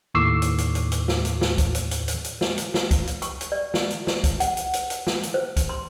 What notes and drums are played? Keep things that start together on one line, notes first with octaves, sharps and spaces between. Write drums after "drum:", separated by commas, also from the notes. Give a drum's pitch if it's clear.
D#2 A2 C#6 D6 E6 C7
drum: hi-hat
drum: hi-hat
drum: hi-hat
drum: hi-hat
drum: snare
drum: hi-hat
drum: snare
drum: kick C#2, hi-hat
drum: hi-hat
drum: hi-hat
drum: hi-hat
drum: hi-hat
drum: snare
drum: hi-hat
drum: snare
drum: kick C#2, hi-hat
drum: hi-hat
C#6, drum: hi-hat
drum: hi-hat
D5
drum: snare
drum: hi-hat
drum: snare
drum: kick C#2, hi-hat
F#5, drum: hi-hat
drum: hi-hat
drum: hi-hat
drum: hi-hat
drum: snare
drum: hi-hat
C5
drum: kick C#2, hi-hat
C6